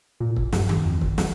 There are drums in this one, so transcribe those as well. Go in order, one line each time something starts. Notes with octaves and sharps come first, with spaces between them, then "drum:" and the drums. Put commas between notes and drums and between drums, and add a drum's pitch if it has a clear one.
A#2
drum: kick
G2, drum: snare
drum: tom D#3
F2
drum: kick
drum: snare